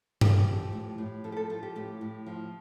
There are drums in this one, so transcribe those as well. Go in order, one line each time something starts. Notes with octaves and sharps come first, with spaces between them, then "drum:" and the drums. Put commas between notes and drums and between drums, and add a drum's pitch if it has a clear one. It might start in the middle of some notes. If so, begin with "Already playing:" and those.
F3 G4, drum: tom G2
F3
A2
A2
F3 A4
G4
A4
F3 A4
G4
A2 G4
A2
F3